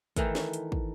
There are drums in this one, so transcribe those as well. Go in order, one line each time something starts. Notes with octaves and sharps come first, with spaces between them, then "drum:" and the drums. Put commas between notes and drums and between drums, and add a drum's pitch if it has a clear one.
D#3 E3 A3, drum: kick, hi-hat
drum: snare
drum: hi-hat
drum: kick